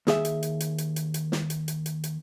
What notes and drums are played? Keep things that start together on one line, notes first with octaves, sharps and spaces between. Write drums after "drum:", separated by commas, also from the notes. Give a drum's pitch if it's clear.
D#2 G#4 E5, drum: snare
drum: hi-hat
drum: hi-hat
drum: hi-hat
drum: hi-hat
drum: hi-hat
drum: hi-hat
drum: snare
drum: hi-hat
drum: hi-hat
drum: hi-hat
drum: hi-hat